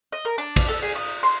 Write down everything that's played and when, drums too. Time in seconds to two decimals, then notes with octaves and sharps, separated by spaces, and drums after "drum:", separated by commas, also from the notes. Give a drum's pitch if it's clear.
0.12 D#5
0.25 A#4
0.38 D4
0.56 drum: kick, cymbal
0.68 A4
0.82 G#4
0.95 D#6
1.23 C6